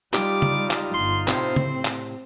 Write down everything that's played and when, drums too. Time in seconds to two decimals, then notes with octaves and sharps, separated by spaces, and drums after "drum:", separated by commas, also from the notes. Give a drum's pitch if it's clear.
0.14 G3 D#4 F4 G4 D6, drum: clap
0.42 drum: tom C#3
0.71 drum: clap
0.94 G1 C6
1.28 A2 C3 C4 C5, drum: clap
1.56 drum: tom C#3
1.85 drum: clap